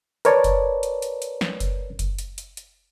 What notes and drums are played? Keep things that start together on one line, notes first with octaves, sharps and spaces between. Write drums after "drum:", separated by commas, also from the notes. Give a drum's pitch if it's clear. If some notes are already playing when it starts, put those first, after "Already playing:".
A#4 B4 C#5 D5 A5, drum: hi-hat
drum: kick F#1, hi-hat
drum: hi-hat
drum: hi-hat
drum: hi-hat
drum: snare
drum: kick F#1, hi-hat
drum: kick F#1, hi-hat
drum: hi-hat
drum: hi-hat
drum: hi-hat